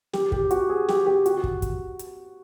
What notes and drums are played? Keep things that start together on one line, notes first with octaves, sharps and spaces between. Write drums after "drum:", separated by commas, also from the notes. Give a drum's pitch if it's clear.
G4, drum: snare
G4, drum: kick
F#4, drum: hi-hat
G#4
G4, drum: snare
G4
F#4, drum: hi-hat
drum: kick
drum: kick, hi-hat
drum: hi-hat